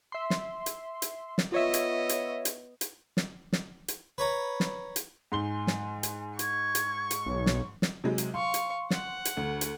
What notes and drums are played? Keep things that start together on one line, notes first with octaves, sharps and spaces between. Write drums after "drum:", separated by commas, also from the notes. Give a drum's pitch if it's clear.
E5 C6
drum: snare
drum: hi-hat
drum: hi-hat
drum: snare
B3 F4 C#5 D#5 E5
drum: hi-hat
drum: hi-hat
drum: hi-hat
drum: hi-hat
drum: snare
drum: snare
drum: hi-hat
B4 C#5 A#5
drum: snare
drum: hi-hat
G#2 G#5 C6 G7
drum: snare
drum: hi-hat
C#6 G#6, drum: hi-hat
drum: hi-hat
drum: hi-hat
B1 C#5
drum: snare
drum: snare
C3 F#3 G#3
drum: hi-hat
F5 C6 C#6
drum: hi-hat
F#5, drum: snare
drum: hi-hat
D2
drum: hi-hat